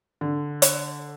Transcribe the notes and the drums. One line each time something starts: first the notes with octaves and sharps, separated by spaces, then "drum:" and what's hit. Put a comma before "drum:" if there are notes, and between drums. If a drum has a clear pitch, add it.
D3
drum: hi-hat